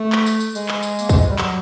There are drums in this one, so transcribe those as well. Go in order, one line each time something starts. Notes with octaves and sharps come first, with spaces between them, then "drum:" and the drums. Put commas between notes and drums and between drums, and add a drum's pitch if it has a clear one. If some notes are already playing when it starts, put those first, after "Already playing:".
Already playing: A3
drum: clap
drum: tambourine
drum: tambourine
G#3, drum: tambourine
drum: clap
drum: tambourine
A#3, drum: tambourine
A3, drum: kick, tambourine
G#3
G3
F#3, drum: clap